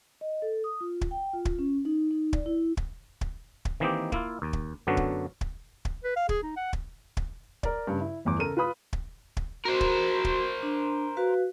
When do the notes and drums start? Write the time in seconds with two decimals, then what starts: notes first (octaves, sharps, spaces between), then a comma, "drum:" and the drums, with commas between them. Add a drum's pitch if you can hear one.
0.21 D#5
0.42 A4
0.64 D#6
0.81 F4
1.01 drum: kick
1.11 G5
1.33 F4
1.45 drum: kick
1.59 C#4
1.85 D#4
2.11 D#4
2.33 D5, drum: kick
2.46 E4
2.77 drum: kick
3.21 drum: kick
3.65 drum: kick
3.80 D#3 E3 A#3 C4 D#4 G4
4.12 A#3 E4 F4, drum: kick
4.42 D#2
4.53 drum: kick
4.87 F#2 D3 F#3 B3 D4 F#4
4.97 drum: kick
5.41 drum: kick
5.85 drum: kick
6.04 B4
6.16 F5
6.29 G#4, drum: kick
6.43 D#4
6.56 F#5
6.73 drum: kick
7.17 drum: kick
7.63 A#4 D5, drum: kick
7.87 G2 C#3
8.01 E4
8.25 G1 E2 D6
8.39 C#3 A4 A#4 D#7
8.57 F4 B4 B5 D#6
8.93 drum: kick
9.37 drum: kick
9.65 F#4 A#4 C5
9.81 drum: kick
10.25 drum: kick
10.63 D4
11.17 F#4 B4 F5